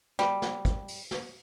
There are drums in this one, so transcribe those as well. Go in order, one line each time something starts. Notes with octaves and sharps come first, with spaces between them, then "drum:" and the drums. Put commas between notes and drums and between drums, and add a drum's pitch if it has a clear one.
G3, drum: snare
drum: snare
drum: kick, hi-hat
drum: open hi-hat
drum: snare